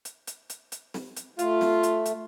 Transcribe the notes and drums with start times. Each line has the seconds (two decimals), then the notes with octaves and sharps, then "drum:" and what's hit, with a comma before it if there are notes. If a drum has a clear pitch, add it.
0.05 drum: hi-hat
0.27 drum: hi-hat
0.50 drum: hi-hat
0.72 drum: hi-hat
0.94 drum: snare
1.17 drum: hi-hat
1.39 A3 F4, drum: hi-hat
1.61 drum: snare
1.83 drum: hi-hat
2.06 drum: hi-hat